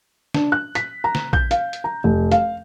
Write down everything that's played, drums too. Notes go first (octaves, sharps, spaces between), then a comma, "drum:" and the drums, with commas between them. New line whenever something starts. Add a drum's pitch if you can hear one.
D4, drum: snare
F#6
B6, drum: hi-hat
A#5
drum: snare
G6, drum: kick A#1
F5, drum: hi-hat
drum: hi-hat
A#5
F1
F5, drum: hi-hat